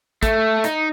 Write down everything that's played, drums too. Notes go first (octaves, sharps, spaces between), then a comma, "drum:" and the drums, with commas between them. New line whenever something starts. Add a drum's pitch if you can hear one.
A3, drum: kick, hi-hat
D#4, drum: hi-hat